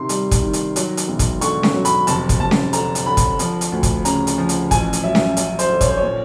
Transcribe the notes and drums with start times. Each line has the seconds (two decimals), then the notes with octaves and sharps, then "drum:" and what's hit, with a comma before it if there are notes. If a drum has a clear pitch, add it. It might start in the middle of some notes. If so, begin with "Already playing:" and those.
Already playing: C3 D#3 C6
0.09 G3, drum: hi-hat
0.31 drum: kick, hi-hat
0.43 D#3
0.53 drum: hi-hat
0.76 F#3, drum: hi-hat
0.97 drum: hi-hat
1.08 E1
1.19 drum: kick, hi-hat
1.41 D3 C#6, drum: hi-hat
1.63 drum: snare C#4
1.74 F#3
1.85 B5, drum: hi-hat
2.07 F1 A5, drum: hi-hat
2.29 drum: kick, hi-hat
2.40 F1 A5
2.51 drum: snare C#4
2.73 D3 A#5, drum: hi-hat
2.95 drum: hi-hat
3.06 D3 B5
3.17 drum: kick, hi-hat
3.39 F3, drum: hi-hat
3.61 drum: hi-hat
3.72 D2
3.83 drum: kick, hi-hat
4.05 C#3 A#5, drum: hi-hat
4.27 drum: hi-hat
4.38 F3
4.49 drum: hi-hat
4.71 A1 G#5, drum: kick, hi-hat
4.93 drum: hi-hat
5.04 F#3 E5
5.15 drum: snare C#4
5.37 F#3, drum: hi-hat
5.59 C5, drum: hi-hat
5.70 D3
5.81 C#5, drum: kick, hi-hat
5.89 C5
5.98 A#2 C#5